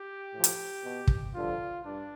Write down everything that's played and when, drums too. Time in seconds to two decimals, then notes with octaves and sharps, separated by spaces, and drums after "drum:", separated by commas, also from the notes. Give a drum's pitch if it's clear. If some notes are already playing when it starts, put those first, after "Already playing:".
Already playing: G4
0.34 A2 F3
0.44 drum: hi-hat
0.85 B2
1.07 drum: kick
1.35 G2 D3 F3 F4
1.85 G2 D4